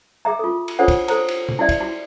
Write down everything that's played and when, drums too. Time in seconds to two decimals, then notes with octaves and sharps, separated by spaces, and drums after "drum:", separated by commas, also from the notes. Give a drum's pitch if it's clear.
0.25 G#4 E5 A#5
0.39 F4 A4
0.68 drum: cymbal
0.79 D4 F4 A4 C5 C#5 F#5
0.88 drum: kick, cymbal
1.08 A4 C5 A#5, drum: cymbal
1.28 drum: cymbal
1.49 drum: tom C3
1.59 E4 F#4 D5 E5
1.69 drum: kick, cymbal
1.80 E4 F#4